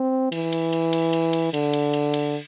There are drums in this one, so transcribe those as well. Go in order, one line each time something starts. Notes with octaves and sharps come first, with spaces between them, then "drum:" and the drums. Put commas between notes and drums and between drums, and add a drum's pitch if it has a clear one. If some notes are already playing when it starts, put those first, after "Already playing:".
Already playing: C4
E3, drum: cymbal
drum: cymbal
drum: cymbal
drum: cymbal
drum: cymbal
drum: cymbal
D3, drum: cymbal
drum: cymbal
drum: cymbal
drum: cymbal